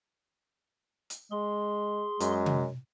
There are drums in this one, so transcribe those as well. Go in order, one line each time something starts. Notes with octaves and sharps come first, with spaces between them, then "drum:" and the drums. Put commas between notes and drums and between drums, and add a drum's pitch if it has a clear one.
drum: hi-hat
G#3 G#4 C6
F#2 G#3, drum: hi-hat
drum: tom C3